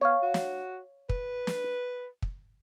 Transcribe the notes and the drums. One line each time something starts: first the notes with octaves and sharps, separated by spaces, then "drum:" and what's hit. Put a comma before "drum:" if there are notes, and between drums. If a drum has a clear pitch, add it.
B3 C#5 F5
F#4
drum: snare
B4, drum: kick
drum: snare
drum: kick